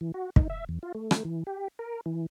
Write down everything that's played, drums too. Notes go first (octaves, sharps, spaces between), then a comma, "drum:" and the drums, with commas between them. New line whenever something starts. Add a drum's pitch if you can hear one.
E3
F#4
D#4, drum: kick
E5
E2
F4
A3
drum: rim click
E3
G4
A#4
E3